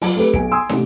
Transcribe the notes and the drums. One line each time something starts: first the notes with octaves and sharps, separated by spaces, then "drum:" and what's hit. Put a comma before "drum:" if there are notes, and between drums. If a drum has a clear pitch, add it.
F#3 F4, drum: open hi-hat
A3 C4 G4 A4 B4
B1 G#5 D7, drum: kick
G#5 C6 D#6 E6
A1 C3, drum: snare